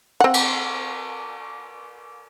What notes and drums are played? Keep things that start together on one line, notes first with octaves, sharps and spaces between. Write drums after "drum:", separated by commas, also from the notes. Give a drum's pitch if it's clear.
C4 F#5
drum: cymbal